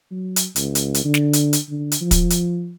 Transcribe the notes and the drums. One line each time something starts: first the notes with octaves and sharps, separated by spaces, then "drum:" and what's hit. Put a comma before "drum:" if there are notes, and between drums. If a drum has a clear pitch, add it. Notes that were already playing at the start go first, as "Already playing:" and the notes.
F#3
drum: hi-hat
C#2, drum: hi-hat
drum: hi-hat
drum: hi-hat
D3
drum: snare
drum: hi-hat
drum: hi-hat
D3
drum: hi-hat
F3
drum: kick, hi-hat
drum: hi-hat